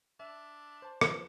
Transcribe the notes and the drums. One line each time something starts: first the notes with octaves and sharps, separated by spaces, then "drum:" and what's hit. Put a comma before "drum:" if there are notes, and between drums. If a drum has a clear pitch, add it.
D4 E5
C5 A5
F3 B4 E7, drum: rim click